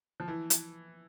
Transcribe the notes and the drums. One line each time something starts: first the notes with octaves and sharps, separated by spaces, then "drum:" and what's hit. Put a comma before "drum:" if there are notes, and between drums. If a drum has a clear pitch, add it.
F3
E3
drum: hi-hat